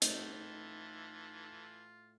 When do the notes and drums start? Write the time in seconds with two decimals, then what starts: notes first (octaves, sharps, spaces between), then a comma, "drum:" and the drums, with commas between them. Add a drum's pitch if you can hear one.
0.02 A2 E3 D#4 F4 A4 G6, drum: hi-hat